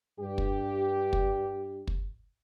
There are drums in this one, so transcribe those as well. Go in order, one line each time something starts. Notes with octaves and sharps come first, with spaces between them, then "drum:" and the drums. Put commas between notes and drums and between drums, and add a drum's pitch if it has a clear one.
G2 G4
drum: kick
drum: kick
drum: kick